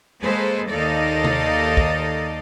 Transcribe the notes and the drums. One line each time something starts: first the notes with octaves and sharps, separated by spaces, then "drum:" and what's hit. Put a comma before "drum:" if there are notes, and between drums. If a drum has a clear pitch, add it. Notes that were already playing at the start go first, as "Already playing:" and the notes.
G#3 A#3 G#4 A4 B4 C5
D#2 D#4 A4 D5 D#5 F5
drum: tom C3
drum: kick